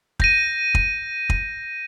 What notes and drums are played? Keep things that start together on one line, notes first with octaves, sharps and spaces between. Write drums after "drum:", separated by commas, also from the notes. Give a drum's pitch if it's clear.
G6 A#6 D#7, drum: kick
drum: kick
drum: kick